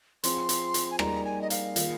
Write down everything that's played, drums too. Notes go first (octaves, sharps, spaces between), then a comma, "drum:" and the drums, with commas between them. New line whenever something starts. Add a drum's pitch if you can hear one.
F3 C4 F4 G#4 C6, drum: hi-hat
drum: hi-hat
drum: hi-hat
G#5
G3 A#3 D#4 G#4 A#5, drum: rim click
G#5
D#5
F5, drum: hi-hat
D#3 A#3 F4 G#4, drum: hi-hat